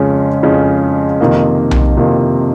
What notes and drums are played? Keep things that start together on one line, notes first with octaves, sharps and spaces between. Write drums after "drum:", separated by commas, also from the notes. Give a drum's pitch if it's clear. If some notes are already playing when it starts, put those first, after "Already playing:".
Already playing: F2 C#3 G#3 C#4
F2 C#3 G#3 C#4
F2 C3 D#3 A#3
drum: tom B1
F2 C3 D#3 A#3